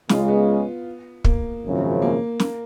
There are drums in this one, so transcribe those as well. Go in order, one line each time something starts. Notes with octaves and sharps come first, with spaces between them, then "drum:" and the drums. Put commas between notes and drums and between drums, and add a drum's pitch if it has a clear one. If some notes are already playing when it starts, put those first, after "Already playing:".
C#2 C#3 G#3 F4, drum: snare
B3
A#3, drum: kick
G#1 F#2 C#3 F3
A#3
A#3, drum: snare